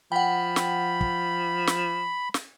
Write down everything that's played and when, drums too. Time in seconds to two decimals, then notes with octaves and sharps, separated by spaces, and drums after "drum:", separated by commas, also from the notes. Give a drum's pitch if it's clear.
0.12 F3 F#5 G5 B5
0.56 drum: snare
1.01 drum: kick
1.67 drum: snare
2.34 drum: snare